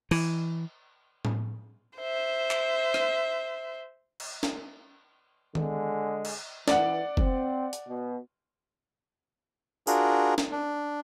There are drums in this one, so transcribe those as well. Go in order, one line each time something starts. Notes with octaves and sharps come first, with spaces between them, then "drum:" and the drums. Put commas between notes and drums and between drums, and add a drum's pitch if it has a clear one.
E3, drum: cymbal
drum: tom A2
C5 E5
drum: clap
drum: rim click
drum: cymbal
drum: snare
D3 G#3, drum: tom D#3
drum: cymbal
E3 D5 F#5, drum: snare
C4, drum: kick
drum: hi-hat
B2
D4 F4 F#4 G#4 A#4, drum: tambourine
drum: snare
D4